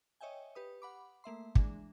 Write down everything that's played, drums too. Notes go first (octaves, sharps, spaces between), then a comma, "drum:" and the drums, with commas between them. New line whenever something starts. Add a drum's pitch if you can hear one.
C#5 D#5 E5 G5 G#5
G4 B4 D#6
F#5 B5 D6
A3 A#3 E5 C6
E3 G#3 D4, drum: kick